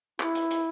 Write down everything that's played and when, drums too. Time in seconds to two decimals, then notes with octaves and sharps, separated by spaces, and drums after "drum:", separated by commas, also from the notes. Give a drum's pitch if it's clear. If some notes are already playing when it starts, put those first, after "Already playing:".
0.20 E4, drum: clap
0.35 drum: hi-hat
0.51 drum: hi-hat